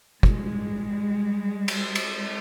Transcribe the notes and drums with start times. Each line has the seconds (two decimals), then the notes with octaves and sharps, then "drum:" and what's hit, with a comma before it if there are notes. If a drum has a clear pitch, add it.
0.23 G3 G#3, drum: kick
1.68 drum: cymbal
1.95 drum: cymbal